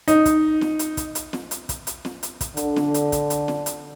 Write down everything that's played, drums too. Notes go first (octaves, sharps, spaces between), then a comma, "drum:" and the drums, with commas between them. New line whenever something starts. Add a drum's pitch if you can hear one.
D#4, drum: hi-hat
drum: kick, hi-hat
drum: snare
drum: hi-hat
drum: kick, hi-hat
drum: hi-hat
drum: snare
drum: hi-hat
drum: kick, hi-hat
drum: hi-hat
drum: snare
drum: hi-hat
drum: kick, hi-hat
D3, drum: hi-hat
drum: snare
drum: hi-hat
drum: kick, hi-hat
drum: hi-hat
drum: snare
drum: hi-hat